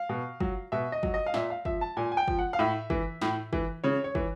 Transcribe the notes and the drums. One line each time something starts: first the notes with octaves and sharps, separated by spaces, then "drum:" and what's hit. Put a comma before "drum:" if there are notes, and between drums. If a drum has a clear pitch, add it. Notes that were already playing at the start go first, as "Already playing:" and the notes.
Already playing: F5
B2
F#3, drum: kick
B2 E5
D#5
F#3, drum: kick
D#5
F5
A#2 E5, drum: snare
F5
F3 E5, drum: kick
A5
A#2 G#5
G#5
G5
F3, drum: kick
F#5
F5
A2 E5
E3, drum: kick
A2, drum: snare
E3, drum: kick
C#3 C#5
C#5
E3, drum: kick